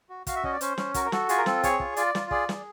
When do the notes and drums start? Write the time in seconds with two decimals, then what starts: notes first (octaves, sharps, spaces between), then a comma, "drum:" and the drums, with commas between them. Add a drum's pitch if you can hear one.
0.09 F#4
0.27 F#4 F5, drum: kick, hi-hat
0.36 E5
0.44 C#4 D#5, drum: kick
0.53 D5
0.61 C#4 C5, drum: hi-hat
0.78 C#4, drum: snare
0.94 F#4 A#4, drum: kick, hi-hat
1.05 A#4
1.12 F#4 A4, drum: snare
1.29 F4 G#4, drum: hi-hat
1.38 A#4
1.46 C4 A4, drum: snare
1.64 G#4 C#5, drum: kick, hi-hat
1.80 F4, drum: kick
1.97 F4 D5, drum: hi-hat
2.15 F4, drum: snare
2.31 G#4 D5, drum: kick
2.49 G#4, drum: snare